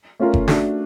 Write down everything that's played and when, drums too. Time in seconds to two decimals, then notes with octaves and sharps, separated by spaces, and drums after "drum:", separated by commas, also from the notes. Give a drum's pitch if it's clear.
0.19 A3 C#4 F4 A#4
0.34 drum: kick F#1
0.48 A3 D4 F#4 A4, drum: snare